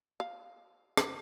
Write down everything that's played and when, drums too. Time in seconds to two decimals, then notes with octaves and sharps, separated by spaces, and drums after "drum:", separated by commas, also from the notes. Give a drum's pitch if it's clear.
0.20 F5
0.97 drum: rim click